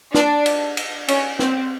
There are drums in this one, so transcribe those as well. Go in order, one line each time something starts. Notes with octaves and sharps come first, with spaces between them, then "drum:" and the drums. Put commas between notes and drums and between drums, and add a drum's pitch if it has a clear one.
D4, drum: snare
drum: cymbal
drum: cymbal
C#4, drum: cymbal
C4, drum: snare